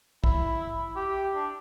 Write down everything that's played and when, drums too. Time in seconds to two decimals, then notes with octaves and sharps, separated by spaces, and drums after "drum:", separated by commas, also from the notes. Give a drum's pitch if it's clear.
0.24 E4, drum: kick
0.96 G4
1.35 D4